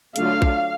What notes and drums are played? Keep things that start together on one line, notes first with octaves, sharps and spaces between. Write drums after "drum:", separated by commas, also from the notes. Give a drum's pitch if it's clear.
D3 F#3 A3 D4 F4 F5, drum: hi-hat
drum: kick